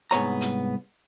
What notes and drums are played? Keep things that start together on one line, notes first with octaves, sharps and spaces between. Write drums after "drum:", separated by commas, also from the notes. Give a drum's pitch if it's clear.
C2 G#2 B3 C#5 A#5, drum: hi-hat
drum: hi-hat